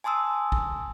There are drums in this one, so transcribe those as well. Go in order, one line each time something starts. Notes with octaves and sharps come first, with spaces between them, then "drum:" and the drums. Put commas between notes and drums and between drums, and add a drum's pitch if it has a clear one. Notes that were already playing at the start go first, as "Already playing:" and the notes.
G#5 A5 C6 D#6 E6
drum: kick